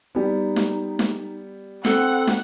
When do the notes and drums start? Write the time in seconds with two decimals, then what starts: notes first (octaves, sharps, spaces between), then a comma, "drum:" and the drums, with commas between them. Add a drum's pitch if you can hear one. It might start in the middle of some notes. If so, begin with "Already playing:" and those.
0.15 G3 B3 D#4
0.56 drum: snare
0.99 drum: snare
1.85 C4 A4 F#5, drum: snare
2.27 drum: snare